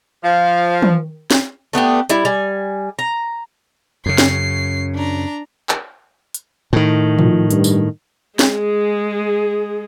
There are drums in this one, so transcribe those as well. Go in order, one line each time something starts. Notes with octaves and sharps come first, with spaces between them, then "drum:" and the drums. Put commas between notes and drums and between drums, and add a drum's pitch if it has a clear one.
F3 F5
drum: tom
drum: snare
A3 B3 D4 G4
G3 E4, drum: hi-hat
G3 G#5
A#5
F#2 C#3 C7
drum: snare
D4 A#5
drum: clap
drum: hi-hat
A2 D#3
F3, drum: tom
G2, drum: hi-hat
drum: tambourine
G#3 G#4, drum: snare